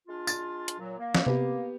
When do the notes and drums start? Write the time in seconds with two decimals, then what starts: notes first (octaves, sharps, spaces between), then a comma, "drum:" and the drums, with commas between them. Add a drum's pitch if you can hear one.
0.08 G#3 D4 F4
0.27 A6, drum: tambourine
0.68 drum: hi-hat
0.79 A#2 F#3
0.98 A#3
1.15 drum: snare
1.26 C3 B3 G4